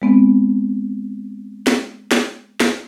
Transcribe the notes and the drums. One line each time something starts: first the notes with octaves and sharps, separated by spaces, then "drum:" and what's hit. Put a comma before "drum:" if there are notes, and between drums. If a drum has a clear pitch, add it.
G#3 B3 C4
drum: snare
drum: snare
drum: snare